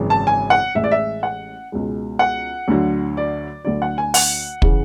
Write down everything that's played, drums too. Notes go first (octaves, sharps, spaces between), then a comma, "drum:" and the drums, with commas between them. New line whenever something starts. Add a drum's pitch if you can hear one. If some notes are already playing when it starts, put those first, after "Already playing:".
Already playing: G#1 F#2 C#3 E3
A5
G#5
F#5
A1 A2 G#3 E5
D5
E5
F#5
C#2 B2 G#3
F#5
D2 D3 F#3
D5
D2 D3 F#3 D5
F#5
G#5
F#5, drum: open hi-hat
C#3 E3, drum: kick